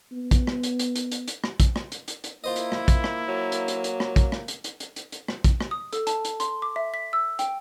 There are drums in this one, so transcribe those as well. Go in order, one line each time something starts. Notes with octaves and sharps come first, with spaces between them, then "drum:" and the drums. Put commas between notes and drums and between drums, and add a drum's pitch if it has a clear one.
B3
drum: kick, hi-hat
drum: rim click
drum: hi-hat
drum: hi-hat
drum: hi-hat
drum: hi-hat
drum: hi-hat
drum: rim click
drum: kick, hi-hat
drum: rim click
drum: hi-hat
drum: hi-hat
drum: hi-hat
A#3 E4 F4 C5 D#5
drum: hi-hat
drum: rim click
drum: kick, hi-hat
drum: rim click
F#3
drum: hi-hat
drum: hi-hat
drum: hi-hat
drum: rim click
drum: kick, hi-hat
drum: rim click
drum: hi-hat
drum: hi-hat
drum: hi-hat
drum: hi-hat
drum: hi-hat
drum: rim click
drum: kick, hi-hat
drum: rim click
D#6
A4, drum: hi-hat
A5, drum: hi-hat
drum: hi-hat
C6, drum: hi-hat
D6
E5
B6
E6
G5, drum: hi-hat